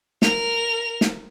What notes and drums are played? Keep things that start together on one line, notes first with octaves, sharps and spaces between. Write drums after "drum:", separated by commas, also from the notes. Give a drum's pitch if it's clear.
A#4 F7, drum: snare
drum: snare